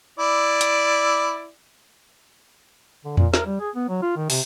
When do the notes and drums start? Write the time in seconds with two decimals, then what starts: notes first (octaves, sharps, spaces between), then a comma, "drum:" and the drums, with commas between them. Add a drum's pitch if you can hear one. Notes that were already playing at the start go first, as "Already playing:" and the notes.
0.19 E4 D5
0.61 drum: hi-hat
3.05 D3
3.17 A#2, drum: tom E2
3.34 A#4, drum: snare
3.46 G3
3.60 G#4
3.75 B3
3.89 F#3
4.02 F4
4.17 D#3
4.30 C3, drum: open hi-hat